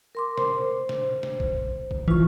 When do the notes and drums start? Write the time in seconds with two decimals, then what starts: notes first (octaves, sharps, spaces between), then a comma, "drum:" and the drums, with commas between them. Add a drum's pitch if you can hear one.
0.15 A#4 C6 D6
0.38 C5, drum: snare
0.89 drum: snare
1.23 drum: snare
1.40 drum: kick
1.91 drum: kick
2.08 E3 F4 C#6, drum: kick